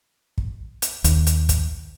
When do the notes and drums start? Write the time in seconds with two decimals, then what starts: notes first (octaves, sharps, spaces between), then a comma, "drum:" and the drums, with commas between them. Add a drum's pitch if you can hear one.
0.38 drum: kick
0.82 drum: hi-hat
1.04 D#2, drum: hi-hat
1.27 drum: hi-hat
1.49 drum: kick, hi-hat